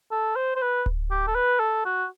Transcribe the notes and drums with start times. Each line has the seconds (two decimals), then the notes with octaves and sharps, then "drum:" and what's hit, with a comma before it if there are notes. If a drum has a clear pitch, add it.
0.12 A4
0.36 C5
0.56 C5
0.62 B4
0.86 drum: kick D1
1.11 G4
1.27 A4
1.35 B4
1.60 A4
1.85 F#4